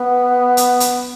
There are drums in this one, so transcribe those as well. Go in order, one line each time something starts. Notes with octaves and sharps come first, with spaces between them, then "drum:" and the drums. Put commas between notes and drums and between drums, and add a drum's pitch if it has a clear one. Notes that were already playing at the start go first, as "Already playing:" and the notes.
Already playing: B3
drum: hi-hat
drum: hi-hat